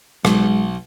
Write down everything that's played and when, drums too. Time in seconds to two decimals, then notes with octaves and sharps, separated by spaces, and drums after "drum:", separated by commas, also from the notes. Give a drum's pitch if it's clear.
0.25 B1 G#3, drum: rim click